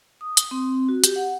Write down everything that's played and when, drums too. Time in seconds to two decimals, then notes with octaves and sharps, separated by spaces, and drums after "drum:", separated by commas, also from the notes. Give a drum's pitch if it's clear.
0.21 D#6
0.37 drum: hi-hat
0.51 C4
0.89 F#4
1.04 G4, drum: hi-hat
1.16 F#5